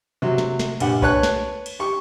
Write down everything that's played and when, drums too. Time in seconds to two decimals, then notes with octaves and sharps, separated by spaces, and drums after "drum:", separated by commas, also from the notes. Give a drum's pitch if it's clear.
0.22 C3 F#3
0.38 drum: snare
0.59 drum: snare
0.80 A#1 G2 G4 F#5, drum: cymbal
1.02 B4 C#5 A5 C#6 F#6, drum: kick B1
1.23 drum: snare
1.66 drum: cymbal
1.79 G4 C#6